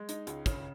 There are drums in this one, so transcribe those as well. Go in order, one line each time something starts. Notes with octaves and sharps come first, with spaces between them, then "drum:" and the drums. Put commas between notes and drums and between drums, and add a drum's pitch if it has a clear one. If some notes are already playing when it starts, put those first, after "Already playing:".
Already playing: G#3
D#4, drum: hi-hat
C#2, drum: hi-hat
C#3, drum: kick, hi-hat